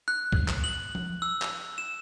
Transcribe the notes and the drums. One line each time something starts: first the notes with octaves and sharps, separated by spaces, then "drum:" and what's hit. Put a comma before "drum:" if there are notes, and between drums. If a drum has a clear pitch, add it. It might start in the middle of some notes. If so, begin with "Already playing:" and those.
F#6
drum: kick
drum: clap
F#7
drum: tom F3
E6
drum: clap
E7